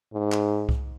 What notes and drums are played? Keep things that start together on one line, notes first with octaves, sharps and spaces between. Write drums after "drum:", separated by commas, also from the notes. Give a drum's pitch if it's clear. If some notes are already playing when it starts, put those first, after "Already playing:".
G#2
drum: clap
drum: kick C2